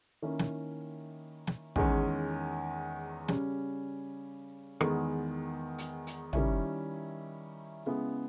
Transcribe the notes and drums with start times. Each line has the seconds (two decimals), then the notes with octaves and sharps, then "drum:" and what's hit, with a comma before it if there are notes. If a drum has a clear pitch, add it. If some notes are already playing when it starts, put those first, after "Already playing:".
0.22 D#3 A#3 C#4 E4
0.39 drum: snare
1.47 drum: snare
1.76 E2 D#3 G#3 C#4, drum: kick
3.28 C#3 G3 C#4, drum: snare
4.81 E2 D#3 G#3 B3, drum: rim click
5.78 drum: hi-hat
6.07 drum: hi-hat
6.33 D#3 G3 C#4 E4, drum: tom
7.86 C#3 G#3 B3 E4